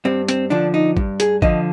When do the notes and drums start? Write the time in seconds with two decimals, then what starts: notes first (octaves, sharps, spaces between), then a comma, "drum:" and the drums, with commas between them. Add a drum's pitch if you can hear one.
0.05 G2 C4
0.29 C4, drum: hi-hat
0.50 D3 F3 D4
0.74 D#4
0.97 G2, drum: kick
1.20 G#4, drum: hi-hat
1.42 D3 F3 D#5, drum: kick